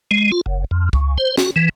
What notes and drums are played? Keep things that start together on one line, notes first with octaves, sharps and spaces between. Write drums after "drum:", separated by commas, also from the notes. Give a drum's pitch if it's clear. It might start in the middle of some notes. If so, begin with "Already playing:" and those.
G#3
F4
F#1
F2
C#2, drum: kick
C5
F#4, drum: snare
E3